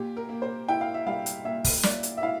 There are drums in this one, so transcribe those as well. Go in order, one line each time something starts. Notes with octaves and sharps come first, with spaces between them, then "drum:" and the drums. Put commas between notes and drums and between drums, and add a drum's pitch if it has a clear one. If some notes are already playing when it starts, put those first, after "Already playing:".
Already playing: A#2 G4
A#4
A#3
C5
E4 G5
F5
E5
G3 F5
drum: hi-hat
A#2 E5
drum: kick, open hi-hat
A#3 D5, drum: snare
drum: hi-hat
E5
E4 F5